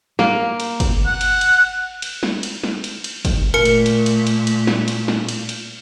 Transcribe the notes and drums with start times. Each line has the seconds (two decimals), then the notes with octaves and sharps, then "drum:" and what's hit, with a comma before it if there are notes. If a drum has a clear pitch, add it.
0.19 A#3, drum: snare
0.60 drum: cymbal
0.80 drum: kick, cymbal
1.06 F#5
1.21 drum: cymbal
1.41 drum: cymbal
2.02 drum: cymbal
2.23 drum: snare
2.43 drum: cymbal
2.64 drum: snare
2.84 drum: cymbal
3.04 drum: cymbal
3.25 drum: kick, cymbal
3.54 A#2 A3 A#4 C#7
3.65 drum: cymbal
3.86 drum: cymbal
4.06 drum: cymbal
4.27 drum: cymbal
4.47 drum: cymbal
4.67 drum: snare
4.88 drum: cymbal
5.08 drum: snare
5.29 drum: cymbal
5.49 drum: cymbal